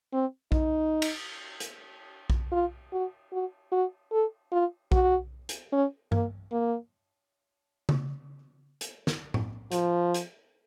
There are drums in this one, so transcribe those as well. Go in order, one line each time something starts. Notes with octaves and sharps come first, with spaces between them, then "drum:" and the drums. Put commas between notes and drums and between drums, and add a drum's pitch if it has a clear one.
C4
D#4, drum: kick
drum: cymbal
drum: hi-hat
drum: kick
F4
F#4
F#4
F#4
A4
F4
F#4, drum: kick
drum: hi-hat
C#4
A#3, drum: tom G2
A#3
drum: tom C#3
drum: hi-hat
drum: snare
drum: tom A2
F3, drum: hi-hat
drum: hi-hat